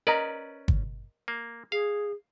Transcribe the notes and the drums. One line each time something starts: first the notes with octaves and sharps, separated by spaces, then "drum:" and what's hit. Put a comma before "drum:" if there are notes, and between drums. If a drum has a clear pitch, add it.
C#4 A#4 B4 D5 D#5 A#5
drum: kick
A#3
G#4 F5